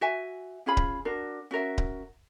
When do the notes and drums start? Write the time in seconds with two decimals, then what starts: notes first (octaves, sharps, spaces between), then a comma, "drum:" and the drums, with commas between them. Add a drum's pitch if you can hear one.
0.01 F#4 E5 G#5
0.66 C#4 F4 G#4 B5
0.77 drum: kick D1
1.05 D4 F#4 A#4
1.51 C#4 F#4 A#4 E5
1.78 drum: kick D1